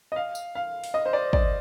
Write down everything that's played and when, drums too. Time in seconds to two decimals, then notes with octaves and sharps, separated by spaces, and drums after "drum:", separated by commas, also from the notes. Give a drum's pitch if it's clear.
0.12 D#5
0.16 F5
0.35 drum: tambourine
0.55 F5
0.84 drum: open hi-hat
0.94 D#5
1.06 C5
1.13 D5
1.33 D5, drum: kick